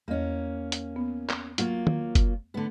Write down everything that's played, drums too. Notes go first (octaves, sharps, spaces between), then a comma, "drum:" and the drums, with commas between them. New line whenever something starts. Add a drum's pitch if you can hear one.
E2 A#3 C#4 D#5
drum: hi-hat
B3
drum: clap
F#3 A#3 F4 F#5, drum: hi-hat
drum: tom
drum: kick F#1, hi-hat
D3 A3 B3